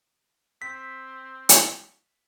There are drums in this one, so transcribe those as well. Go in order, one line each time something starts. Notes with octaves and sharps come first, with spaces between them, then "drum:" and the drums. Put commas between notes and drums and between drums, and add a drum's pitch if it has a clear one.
C4 B6
drum: hi-hat